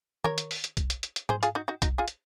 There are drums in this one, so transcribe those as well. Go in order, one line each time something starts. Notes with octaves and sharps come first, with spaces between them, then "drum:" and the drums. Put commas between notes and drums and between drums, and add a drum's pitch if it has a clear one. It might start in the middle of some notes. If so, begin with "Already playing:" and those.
A#4 C#5, drum: tom D#3
drum: hi-hat
drum: open hi-hat
drum: hi-hat
drum: kick B1, hi-hat
drum: hi-hat
drum: hi-hat
drum: hi-hat
G#4 C5, drum: tom G#2
F4 G#4, drum: hi-hat
D#4 F#4
D#4 F#4
D#4 F#4, drum: kick B1, hi-hat
F4 G#4
drum: hi-hat